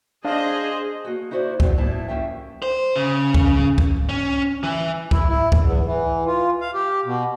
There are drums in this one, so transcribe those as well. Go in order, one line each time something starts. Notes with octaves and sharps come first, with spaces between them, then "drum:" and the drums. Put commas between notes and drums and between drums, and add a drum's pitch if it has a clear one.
D4 G#4 C5 D#5 F5
A#3 F#4
D#4 E4 F#4 C5 D5
E2 B2 C4, drum: kick C2
A2 A#3 D#4 E4 A5
D#2 C#3 F3 C#4 E5 G5
C5
C#3
drum: kick C2
drum: kick C2
C#4
E3
E4, drum: kick C2
E4
drum: kick C2
E2
E3
F4
F5
G4
B2